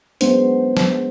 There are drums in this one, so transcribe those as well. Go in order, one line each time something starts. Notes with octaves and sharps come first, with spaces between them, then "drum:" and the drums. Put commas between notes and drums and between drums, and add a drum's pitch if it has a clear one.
F#3 G#3 B3 C#4 D4 C5, drum: hi-hat
drum: snare